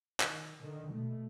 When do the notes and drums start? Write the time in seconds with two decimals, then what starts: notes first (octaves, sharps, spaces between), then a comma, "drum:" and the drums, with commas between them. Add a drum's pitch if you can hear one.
0.20 D#3, drum: clap
0.61 D3 D#3
0.92 B2 A3